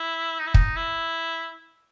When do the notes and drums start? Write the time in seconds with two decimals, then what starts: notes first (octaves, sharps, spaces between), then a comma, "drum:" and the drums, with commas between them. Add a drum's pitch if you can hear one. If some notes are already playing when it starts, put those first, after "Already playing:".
Already playing: E4
0.40 D#4
0.47 E4
0.54 D#4, drum: kick
0.76 E4